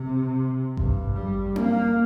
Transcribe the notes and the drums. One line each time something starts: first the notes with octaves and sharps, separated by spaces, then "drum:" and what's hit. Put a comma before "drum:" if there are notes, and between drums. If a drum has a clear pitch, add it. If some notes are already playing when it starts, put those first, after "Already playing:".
Already playing: C3
G2, drum: kick G#1
G3
A#3, drum: tom C4